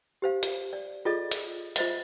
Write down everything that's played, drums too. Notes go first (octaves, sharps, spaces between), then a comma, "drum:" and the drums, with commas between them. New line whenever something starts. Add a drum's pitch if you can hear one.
G4 C5 F5
drum: hi-hat
D5
F4 G#4 A4 D5 D#5
drum: hi-hat
F4 C5 D#5 E5, drum: hi-hat